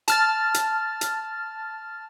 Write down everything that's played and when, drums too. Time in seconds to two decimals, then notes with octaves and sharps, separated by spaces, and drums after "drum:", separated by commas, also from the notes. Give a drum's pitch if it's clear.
0.08 A5 F6 A6, drum: hi-hat
0.54 drum: hi-hat
1.01 drum: hi-hat